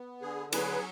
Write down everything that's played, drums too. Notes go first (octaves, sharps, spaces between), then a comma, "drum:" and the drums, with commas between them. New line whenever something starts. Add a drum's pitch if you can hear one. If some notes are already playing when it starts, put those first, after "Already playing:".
Already playing: B3
D3 G#4
F#3 G#4 B4, drum: cymbal